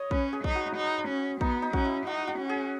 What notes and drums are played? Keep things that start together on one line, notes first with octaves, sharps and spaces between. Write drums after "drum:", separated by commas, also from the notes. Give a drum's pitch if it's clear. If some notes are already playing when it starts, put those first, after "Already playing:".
Already playing: C#5 D#5
C#4 B4, drum: kick A#1
G#4
D#4, drum: kick A#1
F#4
D#4
C#4
B3 D#4, drum: kick A#1
D#4
C#4 F#4, drum: kick A#1
E4
D#4 F#4
F#4
C#4
G#4